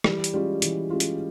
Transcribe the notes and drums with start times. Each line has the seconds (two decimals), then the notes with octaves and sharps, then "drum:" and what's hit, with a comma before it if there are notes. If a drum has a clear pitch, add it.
0.04 E3 G3, drum: rim click
0.24 drum: hi-hat
0.34 G3 G#3 C#4 F4
0.62 E3, drum: hi-hat
0.90 G#3 C#4 F4
1.00 drum: hi-hat